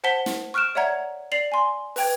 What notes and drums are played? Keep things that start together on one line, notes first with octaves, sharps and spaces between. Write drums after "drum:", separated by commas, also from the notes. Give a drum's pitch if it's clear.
C5 F#5 A5 B6 G7
drum: snare
C#6 F6 F#6 D7 E7
C#5 D5 E5 F#5 A#5 G#6
D5 C7 F7 F#7
G#5 C6
B4 G5 G#6, drum: open hi-hat